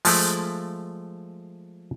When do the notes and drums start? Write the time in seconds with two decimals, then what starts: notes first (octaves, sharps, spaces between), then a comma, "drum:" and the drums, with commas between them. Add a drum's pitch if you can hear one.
0.05 F3 G#3 A3, drum: open hi-hat